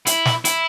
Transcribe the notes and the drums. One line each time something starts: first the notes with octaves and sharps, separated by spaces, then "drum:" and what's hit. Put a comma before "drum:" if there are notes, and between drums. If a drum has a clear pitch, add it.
E4, drum: hi-hat
drum: snare
E4, drum: hi-hat